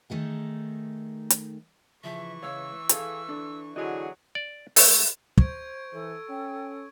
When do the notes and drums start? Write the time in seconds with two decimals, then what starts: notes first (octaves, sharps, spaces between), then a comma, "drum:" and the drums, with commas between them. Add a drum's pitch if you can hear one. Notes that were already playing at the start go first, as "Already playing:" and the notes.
0.10 D#3 A3 D#4 G#4
1.30 drum: hi-hat
2.04 C#3 E3 F3 E5 C#6
2.42 C#2 C#5 F5 E6
2.89 G#4 A4 F5, drum: hi-hat
3.29 D4 A4
3.76 D3 F#3 E4 F#4 G#4 D#5
4.35 D5
4.76 A3, drum: open hi-hat
5.38 C5 C#6 G#6 D7, drum: kick
5.93 E3 A4
6.29 C#4 G5